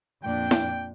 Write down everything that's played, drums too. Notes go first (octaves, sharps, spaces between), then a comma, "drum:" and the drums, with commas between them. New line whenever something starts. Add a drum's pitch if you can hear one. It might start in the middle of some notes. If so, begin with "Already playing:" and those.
F2 A#2 D4 G5
drum: snare E4